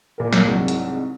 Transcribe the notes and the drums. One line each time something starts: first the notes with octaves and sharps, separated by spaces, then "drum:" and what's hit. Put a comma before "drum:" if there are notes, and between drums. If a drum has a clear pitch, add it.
A#2 A#4
drum: snare
C2 G#2 F#3
drum: hi-hat